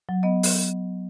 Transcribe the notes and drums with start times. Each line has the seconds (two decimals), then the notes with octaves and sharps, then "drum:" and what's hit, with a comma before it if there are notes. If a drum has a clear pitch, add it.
0.09 F#3
0.23 B3 D#5
0.43 drum: open hi-hat